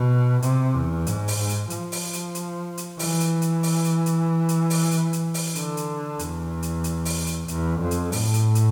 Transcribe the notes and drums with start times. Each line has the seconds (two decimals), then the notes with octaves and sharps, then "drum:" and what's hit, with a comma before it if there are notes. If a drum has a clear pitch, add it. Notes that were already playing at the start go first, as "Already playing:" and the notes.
Already playing: B2
0.42 C3, drum: hi-hat
0.74 E2
1.07 G#2, drum: hi-hat
1.28 drum: open hi-hat
1.38 G#2
1.49 drum: hi-hat
1.70 F3, drum: hi-hat
1.92 drum: open hi-hat
2.13 drum: hi-hat
2.35 drum: hi-hat
2.77 drum: hi-hat
2.99 E3, drum: open hi-hat
3.20 drum: hi-hat
3.42 drum: hi-hat
3.63 drum: open hi-hat
3.84 drum: hi-hat
4.06 drum: hi-hat
4.49 drum: hi-hat
4.70 drum: open hi-hat
4.91 drum: hi-hat
5.13 drum: hi-hat
5.34 drum: open hi-hat
5.55 D3, drum: hi-hat
5.77 drum: hi-hat
6.19 E2, drum: hi-hat
6.63 drum: hi-hat
6.84 drum: hi-hat
7.05 drum: open hi-hat
7.27 drum: hi-hat
7.48 E2, drum: hi-hat
7.80 F2
7.91 drum: hi-hat
8.12 A2, drum: open hi-hat
8.34 drum: hi-hat
8.55 drum: hi-hat